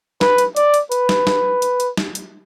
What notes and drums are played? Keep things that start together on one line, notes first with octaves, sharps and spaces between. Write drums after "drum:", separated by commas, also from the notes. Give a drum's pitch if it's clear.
B4, drum: snare
drum: hi-hat
D5, drum: hi-hat
drum: hi-hat
B4, drum: hi-hat
drum: snare
drum: snare
drum: hi-hat
drum: hi-hat
drum: snare
drum: hi-hat